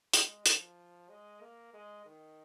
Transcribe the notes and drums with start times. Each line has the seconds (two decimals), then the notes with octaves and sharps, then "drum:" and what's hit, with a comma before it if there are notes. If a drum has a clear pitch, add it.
0.13 G#3, drum: hi-hat
0.46 F3, drum: hi-hat
1.10 G#3
1.41 A#3
1.74 G#3
2.06 D#3